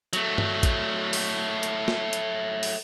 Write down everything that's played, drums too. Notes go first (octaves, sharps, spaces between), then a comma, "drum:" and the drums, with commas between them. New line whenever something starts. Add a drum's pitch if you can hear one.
F#3 A3, drum: hi-hat
drum: tom G2
drum: kick, hi-hat
drum: open hi-hat
drum: hi-hat
drum: snare
drum: hi-hat
drum: open hi-hat